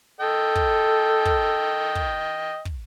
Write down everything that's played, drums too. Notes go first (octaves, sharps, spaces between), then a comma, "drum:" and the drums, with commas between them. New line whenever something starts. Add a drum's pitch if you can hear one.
A4 D#5 G5
drum: kick
drum: kick
drum: kick
drum: kick